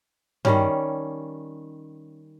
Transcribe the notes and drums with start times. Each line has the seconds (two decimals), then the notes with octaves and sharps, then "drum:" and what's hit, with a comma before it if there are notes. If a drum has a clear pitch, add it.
0.45 D#3 G3 C#4, drum: tom G2